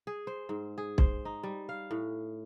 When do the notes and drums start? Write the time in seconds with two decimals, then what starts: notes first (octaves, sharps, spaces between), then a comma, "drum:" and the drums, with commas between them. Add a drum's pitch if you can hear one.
0.07 G#4
0.27 C5
0.49 G#2
0.78 G#4
0.98 C5, drum: kick
1.25 D#4
1.43 G3
1.69 F5
1.91 A2